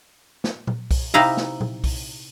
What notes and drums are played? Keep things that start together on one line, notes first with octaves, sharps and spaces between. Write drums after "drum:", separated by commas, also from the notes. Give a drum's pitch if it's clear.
drum: snare
drum: tom A#2
drum: kick B1, open hi-hat
C3 D#4 E4 F5 A#5
drum: snare
drum: tom A#2
drum: kick B1, open hi-hat